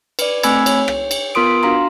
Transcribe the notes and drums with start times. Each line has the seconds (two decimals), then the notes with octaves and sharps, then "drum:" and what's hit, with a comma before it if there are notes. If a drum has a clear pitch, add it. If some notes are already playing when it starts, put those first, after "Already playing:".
0.19 B4 D5, drum: cymbal
0.43 A3 C4 G#5 B5 E6 G#6, drum: cymbal
0.66 C#5, drum: cymbal
0.88 drum: rim click
1.11 drum: cymbal
1.35 B3 F4 A#4 C6 D#6 D7
1.63 D4 F#4 F5 A#5 C6